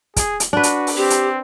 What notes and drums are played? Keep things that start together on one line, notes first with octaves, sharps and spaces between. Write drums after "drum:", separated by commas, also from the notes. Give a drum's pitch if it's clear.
G#4, drum: kick, hi-hat
drum: hi-hat
D4 F#4 B4
drum: hi-hat
drum: open hi-hat
C4 G4
drum: hi-hat